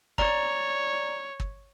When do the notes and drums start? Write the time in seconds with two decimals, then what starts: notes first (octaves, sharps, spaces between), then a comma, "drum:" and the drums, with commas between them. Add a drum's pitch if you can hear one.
0.18 C#5 D5 A#5, drum: kick
1.40 drum: kick